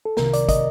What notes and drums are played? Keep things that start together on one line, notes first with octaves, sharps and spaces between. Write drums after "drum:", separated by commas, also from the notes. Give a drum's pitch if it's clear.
A4
C2 C3 D#3 A#4, drum: snare
D5, drum: hi-hat
D#5, drum: kick, hi-hat